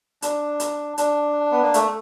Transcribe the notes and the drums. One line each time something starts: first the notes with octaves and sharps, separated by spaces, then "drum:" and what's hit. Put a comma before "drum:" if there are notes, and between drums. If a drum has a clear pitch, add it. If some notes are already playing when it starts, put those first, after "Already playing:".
D4, drum: hi-hat
drum: hi-hat
D4, drum: hi-hat
B3
A#3
A3, drum: hi-hat